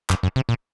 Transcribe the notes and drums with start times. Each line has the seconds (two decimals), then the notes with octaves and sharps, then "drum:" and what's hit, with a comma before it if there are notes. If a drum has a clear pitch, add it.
0.10 F#2, drum: clap
0.23 F#2
0.36 C3
0.49 A#2